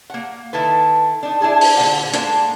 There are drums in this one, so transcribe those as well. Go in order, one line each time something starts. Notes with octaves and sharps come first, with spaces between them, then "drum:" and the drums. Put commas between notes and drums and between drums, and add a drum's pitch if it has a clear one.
A#3 F#5
D#3 E4 A4 B4
D4 D#4
D4 E4 G#4 A4
drum: open hi-hat
A#2 D3 F#5
G#3 A#3 D4 A4, drum: hi-hat